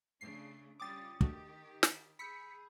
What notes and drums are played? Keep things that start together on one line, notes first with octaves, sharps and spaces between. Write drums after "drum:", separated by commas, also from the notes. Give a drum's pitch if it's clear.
C#3 A3 D4 C7
G3 C#4 F4 G5 D6 D#6 A6
D#3 A3 D4 F#4 G4, drum: kick
drum: snare
G#4 B5 E6 G6 B6 C#7